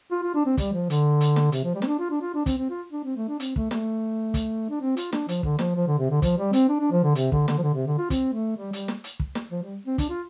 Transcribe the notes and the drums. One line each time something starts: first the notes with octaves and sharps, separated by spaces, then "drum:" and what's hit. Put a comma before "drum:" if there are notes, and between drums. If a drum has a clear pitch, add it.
F4
F4
D4
C4
G3, drum: kick, hi-hat
F3
D3, drum: hi-hat
drum: hi-hat
drum: snare
C3, drum: hi-hat
F3
G3
C4, drum: snare
D4
F4
D4
F4
D4
C4, drum: kick, hi-hat
C4
F4
D4
C4
A3
D4
C4, drum: hi-hat
A3, drum: kick
A3, drum: snare
drum: kick, hi-hat
D4
C4
F4, drum: hi-hat
D4, drum: snare
F3, drum: hi-hat
D3, drum: kick
F3, drum: snare
F3
D3
C3
D3
F3, drum: kick, hi-hat
G3
C4, drum: hi-hat
D4
D4
F3
D3
C3, drum: hi-hat
D3, drum: kick
D3, drum: snare
F3
D3
C3
D3
F4
C4, drum: kick, hi-hat
A3
G3
G3, drum: hi-hat
drum: snare
drum: hi-hat
drum: kick
drum: snare
F3
G3
C4
D4, drum: kick, hi-hat
F4